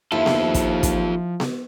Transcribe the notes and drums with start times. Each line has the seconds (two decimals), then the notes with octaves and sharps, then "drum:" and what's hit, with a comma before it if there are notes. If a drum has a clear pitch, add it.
0.12 D#2 F3 E4 F4 A4
0.26 drum: snare B3
0.54 drum: kick, hi-hat
0.83 drum: kick, hi-hat
1.40 drum: snare B3